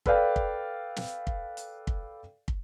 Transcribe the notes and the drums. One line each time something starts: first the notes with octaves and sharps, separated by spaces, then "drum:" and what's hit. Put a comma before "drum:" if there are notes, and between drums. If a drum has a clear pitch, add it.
A4 B4 D5 F5 G5, drum: kick
drum: kick
drum: snare
drum: kick
drum: hi-hat
drum: kick
drum: kick